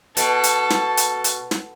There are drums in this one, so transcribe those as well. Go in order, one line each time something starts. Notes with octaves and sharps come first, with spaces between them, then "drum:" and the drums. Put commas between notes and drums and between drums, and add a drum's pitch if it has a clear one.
B2 A4, drum: hi-hat
drum: hi-hat
drum: snare
drum: hi-hat
drum: hi-hat
drum: snare